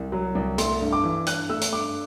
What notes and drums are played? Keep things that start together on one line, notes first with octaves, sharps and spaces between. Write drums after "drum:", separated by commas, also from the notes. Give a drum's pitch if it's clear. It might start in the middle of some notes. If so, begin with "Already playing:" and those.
Already playing: C2
F#3
C2
A3 C6, drum: hi-hat
G2
D6
E3
G2 F#6, drum: hi-hat
A3 E6
drum: hi-hat
G2 D6